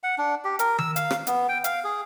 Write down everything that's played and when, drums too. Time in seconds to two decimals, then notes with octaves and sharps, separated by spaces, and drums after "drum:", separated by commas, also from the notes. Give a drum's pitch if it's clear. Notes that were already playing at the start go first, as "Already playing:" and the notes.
0.03 F#5
0.18 D4
0.45 G4
0.59 A#4, drum: hi-hat
0.78 E6, drum: tom D#3
0.96 F5, drum: hi-hat
1.11 drum: rim click
1.27 B3, drum: hi-hat
1.49 G5
1.64 F5, drum: hi-hat
1.84 G#4